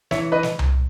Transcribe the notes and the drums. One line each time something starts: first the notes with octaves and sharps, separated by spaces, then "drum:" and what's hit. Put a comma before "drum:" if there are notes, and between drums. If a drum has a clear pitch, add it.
E3 C#5 E5, drum: snare
B4 D#5
drum: snare
drum: tom C2